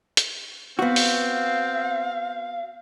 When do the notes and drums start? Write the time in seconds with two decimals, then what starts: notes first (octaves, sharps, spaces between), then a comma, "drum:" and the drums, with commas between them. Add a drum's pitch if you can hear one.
0.17 drum: hi-hat
0.79 B3 C4 F#4 F5
0.96 drum: open hi-hat